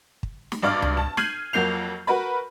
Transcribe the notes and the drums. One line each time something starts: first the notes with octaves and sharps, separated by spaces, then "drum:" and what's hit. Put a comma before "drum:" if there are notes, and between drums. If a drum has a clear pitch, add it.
drum: kick
drum: snare
G#1 G2 D5 F5 D6 F6
drum: tom C#2
A5
F6 G6 G#6 C7 D#7 F#7, drum: snare
F2 F#3 A#3 G6 C7 F7
F#4 A#4 B4 B5